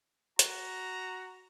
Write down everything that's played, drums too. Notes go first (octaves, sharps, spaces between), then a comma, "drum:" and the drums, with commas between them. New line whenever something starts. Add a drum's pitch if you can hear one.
F#4 A#5, drum: hi-hat